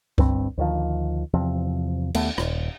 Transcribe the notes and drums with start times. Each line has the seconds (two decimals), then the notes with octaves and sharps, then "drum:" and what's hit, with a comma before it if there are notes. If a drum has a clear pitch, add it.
0.18 G1 G2 C4, drum: kick C#2
0.58 D2 D#3 F3
1.34 E2 C3 F3 C4
2.14 D#2 A3 B3, drum: cymbal
2.38 D#1, drum: rim click